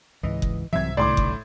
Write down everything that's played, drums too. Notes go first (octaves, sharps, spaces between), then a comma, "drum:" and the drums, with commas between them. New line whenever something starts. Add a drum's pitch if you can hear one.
C#2 G#2 E3 D#5
drum: kick F#1
C2 G#2 C3 E3 F#3 C4 E5 G#6
B1 A2 D3 D5 C6 D6
drum: kick F#1